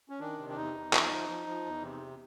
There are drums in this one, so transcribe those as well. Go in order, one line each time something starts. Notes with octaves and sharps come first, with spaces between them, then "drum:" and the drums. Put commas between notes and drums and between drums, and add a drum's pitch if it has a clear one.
C#4
D#3 D4
C3
D4
E2 D#4
E2
F3, drum: clap
F3
F3
F3
E2
C3